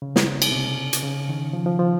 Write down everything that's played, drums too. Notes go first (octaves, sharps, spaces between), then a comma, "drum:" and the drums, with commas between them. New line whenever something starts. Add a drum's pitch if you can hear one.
C#3
drum: snare
drum: cymbal
C3
drum: hi-hat
C#3
D#3
F3
F3
F3